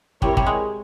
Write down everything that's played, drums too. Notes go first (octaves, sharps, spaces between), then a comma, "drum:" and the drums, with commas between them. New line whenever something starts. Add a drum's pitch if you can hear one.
G3 C4 E4 G4 A#4 C#5, drum: kick
G3, drum: kick
G#3